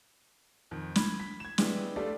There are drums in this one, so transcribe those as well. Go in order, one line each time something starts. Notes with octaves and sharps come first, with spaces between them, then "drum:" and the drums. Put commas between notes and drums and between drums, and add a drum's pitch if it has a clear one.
F2 D#3
B5 G#6, drum: snare
B6
G#6 E7
G#3 B3 D4 E4 G4 G#4, drum: snare
G3 A3 D4 F4 A4 D5